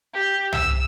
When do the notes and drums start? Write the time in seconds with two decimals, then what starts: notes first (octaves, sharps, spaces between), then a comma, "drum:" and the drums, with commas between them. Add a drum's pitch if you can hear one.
0.13 G4
0.53 E6, drum: tom C2